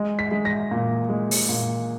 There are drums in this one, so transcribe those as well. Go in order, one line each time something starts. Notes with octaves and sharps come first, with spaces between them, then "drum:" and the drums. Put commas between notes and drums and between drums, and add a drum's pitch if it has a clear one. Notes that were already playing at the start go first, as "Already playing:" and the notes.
Already playing: G#3
B6
G#3
A#6
A#2
G#3
drum: open hi-hat
A#2